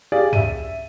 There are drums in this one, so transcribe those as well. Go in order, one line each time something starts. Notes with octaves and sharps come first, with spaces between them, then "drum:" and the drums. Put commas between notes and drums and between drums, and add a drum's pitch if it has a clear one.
G4 G#4 D5 F5
E5 D#7, drum: tom